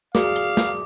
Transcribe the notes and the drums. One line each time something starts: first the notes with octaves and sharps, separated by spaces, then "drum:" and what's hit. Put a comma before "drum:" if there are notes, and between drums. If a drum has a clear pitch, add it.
F#4 G#4 D5 F5 D6, drum: snare
drum: hi-hat
drum: snare